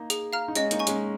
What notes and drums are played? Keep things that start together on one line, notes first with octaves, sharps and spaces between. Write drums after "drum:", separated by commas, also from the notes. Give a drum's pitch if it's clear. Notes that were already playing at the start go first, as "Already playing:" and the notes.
Already playing: A#3 D#4
G#4, drum: hi-hat
F5 A#5 F6
D#4
G#3 C#4 D#5, drum: hi-hat
A#3 D#4, drum: hi-hat
G#5 C#6
G#3 C#4, drum: hi-hat